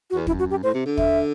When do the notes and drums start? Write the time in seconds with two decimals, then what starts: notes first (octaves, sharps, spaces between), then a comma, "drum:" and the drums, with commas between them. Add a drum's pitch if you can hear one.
0.10 F#4
0.15 E2
0.27 F#2 E4, drum: kick
0.39 F#4
0.51 G4
0.63 A2 C5
0.74 C3
0.86 D3
0.98 E5, drum: kick